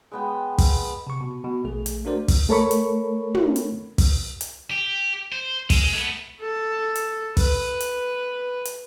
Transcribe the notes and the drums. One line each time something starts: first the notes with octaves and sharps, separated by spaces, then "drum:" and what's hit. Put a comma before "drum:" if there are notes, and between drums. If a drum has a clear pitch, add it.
G#3 B3 G5
drum: kick, open hi-hat
C3 C#6
B2
B2
A#1 A3 G#4
drum: hi-hat
A3 D4 F#4 A#4 C5 D5
drum: kick, open hi-hat
A3 A4 A#4 C#5 B5 C#6
drum: hi-hat
drum: tom
drum: hi-hat
drum: kick, open hi-hat
drum: hi-hat
G4
C5
G#3, drum: kick, open hi-hat
A3 B3
A4
drum: hi-hat
B4, drum: kick, open hi-hat
drum: hi-hat
drum: hi-hat